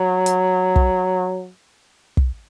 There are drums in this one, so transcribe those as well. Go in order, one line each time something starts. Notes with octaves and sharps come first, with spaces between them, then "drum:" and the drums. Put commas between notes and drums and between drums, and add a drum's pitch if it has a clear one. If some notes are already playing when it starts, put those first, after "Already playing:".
Already playing: F#3
drum: hi-hat
drum: kick
drum: kick